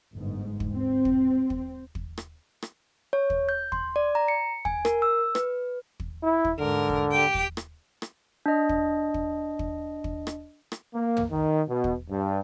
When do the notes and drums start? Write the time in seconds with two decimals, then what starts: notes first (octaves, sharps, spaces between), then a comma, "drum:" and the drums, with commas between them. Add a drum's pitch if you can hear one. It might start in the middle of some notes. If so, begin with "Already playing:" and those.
0.15 G1 G#2
0.60 drum: kick
0.76 C4
1.05 drum: kick
1.50 drum: kick
1.95 drum: kick
2.17 drum: rim click
2.62 drum: rim click
3.13 C#5
3.30 drum: kick
3.49 G6
3.72 C6, drum: kick
3.96 D5
4.15 A#5
4.28 C#7
4.65 G#5, drum: kick
4.85 A#4, drum: rim click
5.02 E6
5.35 B4, drum: rim click
6.00 drum: kick
6.23 E4
6.45 drum: kick
6.59 G#2 D3 A#4
6.90 drum: kick
7.12 G4 G5
7.34 drum: kick
7.57 drum: rim click
8.02 drum: rim click
8.46 D4 D#5
8.69 drum: kick
9.14 drum: kick
9.59 drum: kick
10.04 drum: kick
10.27 drum: rim click
10.72 drum: rim click
10.94 A#3
11.17 drum: tom
11.31 D#3
11.68 B2
11.84 drum: kick
12.10 G2